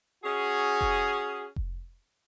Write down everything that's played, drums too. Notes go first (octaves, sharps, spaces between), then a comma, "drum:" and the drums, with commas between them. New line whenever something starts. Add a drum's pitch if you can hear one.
C#4 F#4 G#4
drum: kick F1
drum: kick F1